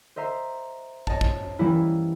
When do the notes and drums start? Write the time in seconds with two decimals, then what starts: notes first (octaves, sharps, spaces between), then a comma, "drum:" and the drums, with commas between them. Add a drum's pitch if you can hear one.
0.16 C5 D#5 E5 A#5 C7
1.07 C#5 D#5 A5, drum: kick
1.21 drum: kick
1.59 E3 G3 A#3 C#4 E4